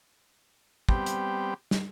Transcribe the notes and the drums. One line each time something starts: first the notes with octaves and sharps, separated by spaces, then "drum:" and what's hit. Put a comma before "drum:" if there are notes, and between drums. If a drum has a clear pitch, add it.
G3 B3 C4 G4, drum: kick
drum: hi-hat
drum: snare